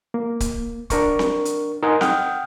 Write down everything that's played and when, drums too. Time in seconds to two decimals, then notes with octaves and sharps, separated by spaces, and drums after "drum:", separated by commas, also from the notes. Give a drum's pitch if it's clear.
0.14 A#3
0.40 drum: kick C#1, hi-hat
0.90 D4 A#4 C#6, drum: kick C#1, hi-hat
1.19 drum: snare C4
1.45 drum: hi-hat
1.83 D#4 A#4 D#5 F#5 G#5 C6
2.01 F#5 G5 D#6 F6 G6, drum: snare C4